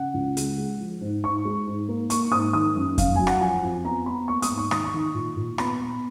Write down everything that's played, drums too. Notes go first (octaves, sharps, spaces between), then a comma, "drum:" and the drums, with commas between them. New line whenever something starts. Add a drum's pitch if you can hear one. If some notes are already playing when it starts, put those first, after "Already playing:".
Already playing: C#3 F#5
C#2
G#3, drum: hi-hat
G#3
F3
G#2
G#2 C#6
G#3
G#2
A#3
A#3 C#6, drum: hi-hat
G#2 D#6
D#3 D#6
F#2
F#2 F5, drum: kick F2, hi-hat
F#3 G#5
F#5, drum: rim click
F3 G#5
F2
B3 A#5
B3 B5
A#3 C#6
D#6, drum: hi-hat
G#2
C#6
D#3 D#6, drum: rim click
C#6
D#3
A#2
A#2
B3 B5, drum: rim click
B3